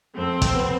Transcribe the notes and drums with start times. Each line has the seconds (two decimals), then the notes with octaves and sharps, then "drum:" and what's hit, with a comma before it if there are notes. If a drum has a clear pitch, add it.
0.17 F2 C4
0.42 drum: kick, hi-hat
0.54 B3